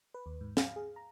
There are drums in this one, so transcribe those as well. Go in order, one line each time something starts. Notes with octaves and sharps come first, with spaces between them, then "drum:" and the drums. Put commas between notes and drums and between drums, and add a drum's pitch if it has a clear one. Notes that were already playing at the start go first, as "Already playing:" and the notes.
B4
D#2
G#2
F5, drum: snare
G#4
A#5